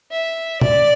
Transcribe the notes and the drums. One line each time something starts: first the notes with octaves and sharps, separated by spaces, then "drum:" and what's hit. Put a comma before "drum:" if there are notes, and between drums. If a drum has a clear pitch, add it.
E5
D5, drum: tom B2